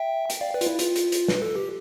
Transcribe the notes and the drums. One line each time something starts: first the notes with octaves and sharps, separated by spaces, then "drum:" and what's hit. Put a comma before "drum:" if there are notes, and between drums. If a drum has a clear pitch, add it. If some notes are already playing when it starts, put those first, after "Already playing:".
Already playing: E5 G5
G5, drum: hi-hat
D5 F5
B4 D5
F4, drum: hi-hat
E4
F4, drum: hi-hat
drum: hi-hat
drum: hi-hat
B4, drum: snare
A4
G4